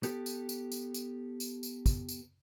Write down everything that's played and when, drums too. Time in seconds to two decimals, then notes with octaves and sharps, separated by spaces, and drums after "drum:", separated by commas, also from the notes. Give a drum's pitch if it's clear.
0.03 B3 G4 A4, drum: tambourine
0.26 drum: tambourine
0.49 drum: tambourine
0.72 drum: tambourine
0.94 drum: tambourine
1.40 drum: tambourine
1.63 drum: tambourine
1.86 drum: kick, tambourine
2.08 drum: tambourine